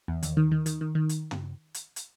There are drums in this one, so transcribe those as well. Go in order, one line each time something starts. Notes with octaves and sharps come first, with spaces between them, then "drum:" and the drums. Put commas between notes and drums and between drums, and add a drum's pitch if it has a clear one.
E2
D#2, drum: hi-hat
D#3
D#3
D#3, drum: hi-hat
D#3
D#3
drum: hi-hat
drum: tom
drum: hi-hat
drum: hi-hat